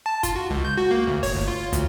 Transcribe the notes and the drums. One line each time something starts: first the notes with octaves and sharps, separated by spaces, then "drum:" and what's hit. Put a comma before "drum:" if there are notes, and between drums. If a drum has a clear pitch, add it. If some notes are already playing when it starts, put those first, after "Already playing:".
A5
F4, drum: kick, hi-hat
F#4
C#2
G6
F#4
A#3
D2
C#5, drum: kick, open hi-hat
G1
F4
D2, drum: hi-hat